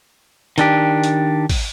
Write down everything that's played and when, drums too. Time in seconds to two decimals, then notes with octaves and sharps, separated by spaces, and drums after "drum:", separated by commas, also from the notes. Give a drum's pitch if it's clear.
0.58 D#3 D4 G4, drum: hi-hat
1.04 drum: hi-hat
1.49 drum: kick, open hi-hat